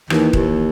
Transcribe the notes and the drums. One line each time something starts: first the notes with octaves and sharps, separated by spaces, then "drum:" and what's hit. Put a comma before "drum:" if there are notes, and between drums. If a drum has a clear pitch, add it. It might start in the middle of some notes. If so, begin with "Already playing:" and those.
D#2 E3, drum: rim click
D#2, drum: kick D#1